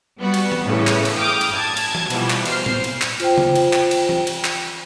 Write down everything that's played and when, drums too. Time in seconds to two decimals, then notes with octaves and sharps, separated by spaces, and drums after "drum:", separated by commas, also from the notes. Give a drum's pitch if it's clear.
0.19 G3 B3 F#4
0.34 drum: cymbal
0.52 drum: tom E3
0.65 A2 C#3 E3
0.87 drum: clap
1.05 drum: cymbal
1.17 G5 D6 D#6 F6
1.41 drum: cymbal
1.53 A5 G#6
1.77 drum: cymbal
1.95 drum: tom E3
2.10 B2 E3 F3 G3, drum: cymbal
2.30 drum: clap
2.45 C5 F6 C7, drum: cymbal
2.66 drum: tom
2.84 drum: cymbal
3.02 drum: clap
3.20 F4 C5 G5, drum: cymbal
3.38 drum: tom C#3
3.55 drum: cymbal
3.73 drum: clap
3.91 drum: cymbal
4.09 drum: tom E3
4.27 drum: cymbal
4.45 drum: clap